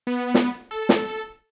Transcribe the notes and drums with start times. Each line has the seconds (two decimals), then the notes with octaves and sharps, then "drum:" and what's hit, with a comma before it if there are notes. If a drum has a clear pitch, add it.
0.07 B3
0.34 drum: snare
0.71 A4
0.89 drum: snare